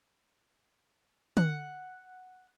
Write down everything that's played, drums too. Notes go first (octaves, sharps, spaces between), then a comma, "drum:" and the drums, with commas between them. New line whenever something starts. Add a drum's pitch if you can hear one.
F#5, drum: tom